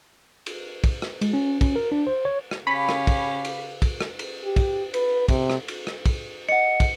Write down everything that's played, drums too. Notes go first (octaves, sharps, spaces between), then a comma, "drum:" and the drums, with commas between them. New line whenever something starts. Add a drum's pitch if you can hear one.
drum: cymbal
drum: kick, cymbal
drum: rim click
G#3, drum: cymbal
C#4
C#4, drum: kick, cymbal
A#4
D4
C5
C#5
drum: rim click
C#3 C#4 G4 F5 B5 B6
drum: rim click
drum: kick, cymbal
drum: cymbal
drum: kick, cymbal
drum: rim click
drum: cymbal
G4
drum: kick, cymbal
B4, drum: cymbal
C3, drum: kick, cymbal
drum: rim click
drum: cymbal
drum: rim click
drum: kick, cymbal
D#5 F#5 C#7
drum: kick, cymbal